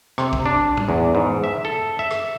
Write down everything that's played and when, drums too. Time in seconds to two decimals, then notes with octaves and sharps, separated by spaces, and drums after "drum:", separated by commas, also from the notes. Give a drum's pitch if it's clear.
0.18 C3, drum: rim click
0.33 drum: kick
0.46 D4
0.77 drum: tom A2
0.89 E2
1.15 G#2
1.44 E5
1.65 A4
1.99 E5
2.11 drum: rim click